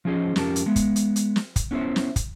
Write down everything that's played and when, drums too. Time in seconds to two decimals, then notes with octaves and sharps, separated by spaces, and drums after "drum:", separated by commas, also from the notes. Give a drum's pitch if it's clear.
0.05 F3 A3 C#4 G#4 C5 D#5
0.36 F2 C#4 G4 A#4 A5, drum: snare
0.56 drum: hi-hat
0.66 G#3 B3
0.76 drum: kick, hi-hat
0.96 drum: hi-hat
1.16 drum: hi-hat
1.36 drum: snare
1.56 drum: kick, hi-hat
1.71 B3 C#4 E4 F4 C5 E5
1.96 drum: snare
2.16 drum: kick, hi-hat